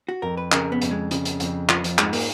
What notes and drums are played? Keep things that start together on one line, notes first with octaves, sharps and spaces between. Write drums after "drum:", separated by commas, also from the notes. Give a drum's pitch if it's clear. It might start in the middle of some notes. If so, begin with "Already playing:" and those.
F#4
F2 A#4
B4
C#3 A#4, drum: clap
B3
F2, drum: hi-hat
G#3
C#3, drum: hi-hat
drum: hi-hat
F2, drum: hi-hat
F3 F4, drum: clap
F3, drum: hi-hat
G#2 G#3, drum: clap
A#3, drum: open hi-hat